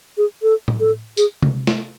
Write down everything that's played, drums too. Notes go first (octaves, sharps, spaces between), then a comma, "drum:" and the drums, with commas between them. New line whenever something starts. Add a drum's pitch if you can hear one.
G#4
A4
drum: tom A2
A4
G#4, drum: tambourine
drum: tom C3
drum: snare